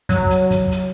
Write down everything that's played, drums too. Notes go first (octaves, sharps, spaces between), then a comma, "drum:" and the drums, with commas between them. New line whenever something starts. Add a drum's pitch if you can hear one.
F#3, drum: kick, hi-hat
drum: hi-hat
drum: kick, hi-hat
drum: hi-hat